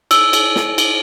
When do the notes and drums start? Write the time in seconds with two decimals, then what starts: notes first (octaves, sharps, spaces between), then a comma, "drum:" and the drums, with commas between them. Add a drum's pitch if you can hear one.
0.11 E6, drum: cymbal
0.33 drum: cymbal
0.56 drum: snare
0.78 drum: cymbal